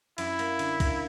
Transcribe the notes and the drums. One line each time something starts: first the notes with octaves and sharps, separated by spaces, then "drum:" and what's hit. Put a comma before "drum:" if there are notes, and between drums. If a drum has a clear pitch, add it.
F#2 E4, drum: cymbal
A#3, drum: cymbal
D3, drum: cymbal
A#3, drum: kick C2, cymbal